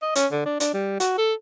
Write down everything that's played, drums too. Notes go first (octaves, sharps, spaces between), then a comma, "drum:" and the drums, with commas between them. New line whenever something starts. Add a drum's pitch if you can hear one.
D#5
C#4, drum: hi-hat
D3
D4
D4, drum: hi-hat
G3
F#4, drum: hi-hat
A4